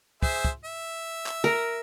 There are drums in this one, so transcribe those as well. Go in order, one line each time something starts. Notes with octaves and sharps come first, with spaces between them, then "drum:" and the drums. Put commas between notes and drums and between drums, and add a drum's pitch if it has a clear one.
G#4 C5 E5, drum: kick
drum: kick
E5
drum: clap
A#4